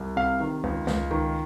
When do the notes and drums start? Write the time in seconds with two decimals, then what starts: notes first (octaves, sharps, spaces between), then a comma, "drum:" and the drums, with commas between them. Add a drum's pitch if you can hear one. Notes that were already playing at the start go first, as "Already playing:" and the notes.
Already playing: C2
0.16 C3 F5
0.40 D#3
0.64 C#2, drum: kick C#2
0.87 C#2, drum: snare
1.11 D#3, drum: kick C#2